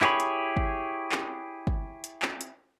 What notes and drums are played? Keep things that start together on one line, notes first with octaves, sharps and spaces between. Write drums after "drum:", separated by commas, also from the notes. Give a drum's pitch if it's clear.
E4 G4 G#4 C#5 B5, drum: clap
drum: hi-hat
drum: kick
drum: clap
drum: kick
drum: hi-hat
drum: clap
drum: hi-hat